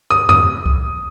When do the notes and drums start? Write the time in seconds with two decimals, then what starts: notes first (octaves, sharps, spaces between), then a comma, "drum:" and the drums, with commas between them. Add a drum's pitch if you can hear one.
0.10 D#6
0.29 D#6, drum: tom E2
0.66 drum: kick C2